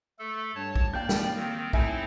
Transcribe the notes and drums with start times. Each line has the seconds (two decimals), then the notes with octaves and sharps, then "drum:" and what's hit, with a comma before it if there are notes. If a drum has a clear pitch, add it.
0.19 A3 A4
0.55 G2 C#5 A5
0.76 drum: kick
0.93 A#3 D5 G5 G6
1.09 drum: snare
1.35 D#3 C4
1.73 A2 C4 D#4 E4 E5 G#5, drum: kick